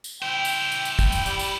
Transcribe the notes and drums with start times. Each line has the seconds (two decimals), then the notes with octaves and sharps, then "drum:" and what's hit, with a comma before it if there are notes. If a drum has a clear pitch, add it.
0.04 drum: tambourine
0.22 E4 C5 G5
0.45 drum: tambourine
0.72 drum: tambourine
0.85 drum: tambourine
0.99 drum: kick, tambourine
1.12 drum: tambourine
1.26 G3, drum: tambourine
1.39 drum: tambourine